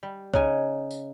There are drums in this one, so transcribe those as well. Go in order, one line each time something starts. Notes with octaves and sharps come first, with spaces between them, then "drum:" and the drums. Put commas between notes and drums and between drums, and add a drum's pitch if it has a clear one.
G3
C#3 D#4 C#5 G#5, drum: kick C2
drum: tambourine